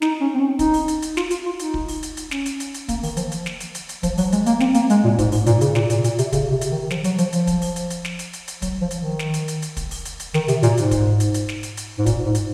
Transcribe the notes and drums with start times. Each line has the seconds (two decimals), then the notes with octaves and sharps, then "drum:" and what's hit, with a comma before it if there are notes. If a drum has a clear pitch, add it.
0.02 D#4, drum: snare
0.21 C#4
0.35 C4
0.40 C#4
0.59 D#4, drum: kick, hi-hat
0.74 drum: open hi-hat
0.88 drum: hi-hat
1.02 drum: hi-hat
1.17 F4, drum: snare
1.30 F4, drum: hi-hat
1.46 F4
1.59 D#4, drum: hi-hat
1.74 drum: kick
1.88 drum: open hi-hat
2.03 drum: hi-hat
2.17 drum: hi-hat
2.31 C#4, drum: snare
2.46 drum: hi-hat
2.60 drum: hi-hat
2.74 drum: hi-hat
2.89 A#3, drum: kick, hi-hat
3.03 D#3, drum: open hi-hat
3.17 F3, drum: hi-hat
3.32 drum: hi-hat
3.46 drum: snare
3.60 drum: hi-hat
3.75 drum: hi-hat
3.89 drum: hi-hat
4.03 F3, drum: kick, hi-hat
4.18 F#3, drum: open hi-hat
4.32 G#3, drum: hi-hat
4.46 A#3, drum: hi-hat
4.60 C4, drum: snare
4.74 A#3, drum: hi-hat
4.90 G#3, drum: hi-hat
5.04 A#2
5.19 G#2, drum: kick, hi-hat
5.32 G#2, drum: open hi-hat
5.46 A#2, drum: hi-hat
5.61 C#3, drum: hi-hat
5.75 A#2, drum: snare
5.90 A#2, drum: hi-hat
6.04 A#2, drum: hi-hat
6.19 C3, drum: hi-hat
6.33 C#3, drum: kick, hi-hat
6.51 C3
6.61 drum: hi-hat
6.71 D#3
6.90 F3, drum: snare
7.04 F#3, drum: hi-hat
7.18 F3, drum: hi-hat
7.33 F3, drum: hi-hat
7.47 drum: kick, hi-hat
7.62 drum: open hi-hat
7.76 drum: hi-hat
7.90 drum: hi-hat
8.05 drum: snare
8.19 drum: hi-hat
8.33 drum: hi-hat
8.48 drum: hi-hat
8.62 F#3, drum: kick, hi-hat
8.81 F3
8.91 drum: hi-hat
9.00 D#3
9.19 drum: snare
9.34 drum: hi-hat
9.48 drum: hi-hat
9.62 drum: hi-hat
9.77 drum: kick, hi-hat
9.91 drum: open hi-hat
10.05 drum: hi-hat
10.20 drum: hi-hat
10.34 D#3, drum: snare
10.48 C3, drum: hi-hat
10.63 A#2, drum: hi-hat
10.77 G#2, drum: hi-hat
10.91 drum: kick, hi-hat
11.20 drum: hi-hat
11.34 drum: hi-hat
11.49 drum: snare
11.63 drum: hi-hat
11.77 drum: hi-hat
11.98 G#2
12.06 A#2, drum: kick, hi-hat
12.25 G#2
12.35 drum: hi-hat